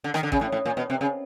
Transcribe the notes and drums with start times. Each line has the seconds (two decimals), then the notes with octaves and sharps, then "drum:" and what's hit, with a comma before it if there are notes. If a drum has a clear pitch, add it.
0.04 D3
0.14 D#3, drum: rim click
0.23 D3
0.32 C#3, drum: kick
0.41 A2
0.52 A2
0.66 A#2
0.77 B2
0.90 C3
1.01 C#3